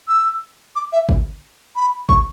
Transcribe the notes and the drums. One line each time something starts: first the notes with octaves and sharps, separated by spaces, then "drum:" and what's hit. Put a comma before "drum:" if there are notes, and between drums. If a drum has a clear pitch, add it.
E6
D6
E5
drum: kick G1
B5
C#6, drum: kick G1